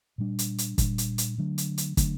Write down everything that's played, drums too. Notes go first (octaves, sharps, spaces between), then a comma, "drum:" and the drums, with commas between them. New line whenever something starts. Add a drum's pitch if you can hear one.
A#2 G3 D4
drum: hi-hat
drum: hi-hat
A#2 G3 D4, drum: kick, hi-hat
drum: hi-hat
drum: hi-hat
D3 F#3 A3 D4
drum: hi-hat
drum: hi-hat
D3 F#3 A3 D4, drum: kick, hi-hat